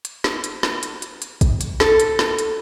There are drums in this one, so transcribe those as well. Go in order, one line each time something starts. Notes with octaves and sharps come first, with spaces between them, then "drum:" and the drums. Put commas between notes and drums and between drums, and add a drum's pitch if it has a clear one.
drum: hi-hat
drum: snare
drum: hi-hat
drum: snare
drum: hi-hat
drum: hi-hat
drum: hi-hat
drum: kick, hi-hat
drum: hi-hat
A4, drum: snare
drum: hi-hat
drum: snare
drum: hi-hat